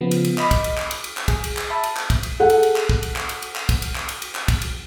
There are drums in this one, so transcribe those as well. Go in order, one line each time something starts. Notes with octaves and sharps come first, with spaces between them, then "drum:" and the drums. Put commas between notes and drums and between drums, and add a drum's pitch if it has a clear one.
C#3 F3 B3
drum: cymbal
drum: cymbal
D#5 B5 D6, drum: clap
drum: kick, cymbal
drum: cymbal
drum: clap
drum: cymbal
drum: cymbal
drum: clap
G#4, drum: kick, cymbal
drum: cymbal
drum: clap
E5 A5 B5
drum: cymbal
drum: clap
drum: kick, cymbal
drum: cymbal
G#4 A4 F#5
drum: cymbal
drum: cymbal
drum: clap
drum: kick
drum: cymbal
drum: clap
drum: cymbal
drum: cymbal
drum: clap
drum: kick, cymbal
drum: cymbal
drum: clap
drum: cymbal
drum: cymbal
drum: clap
drum: kick, cymbal
drum: cymbal